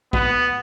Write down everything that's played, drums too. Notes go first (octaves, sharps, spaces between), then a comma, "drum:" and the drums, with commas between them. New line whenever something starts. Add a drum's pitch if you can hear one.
B3, drum: kick